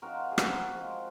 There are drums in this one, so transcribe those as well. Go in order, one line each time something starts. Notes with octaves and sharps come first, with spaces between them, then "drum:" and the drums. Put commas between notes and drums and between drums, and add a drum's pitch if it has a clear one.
F3 C4 D#4 F#4 A#4
G#4
F#4 A#4, drum: rim click
F3 G#3 C4 D#4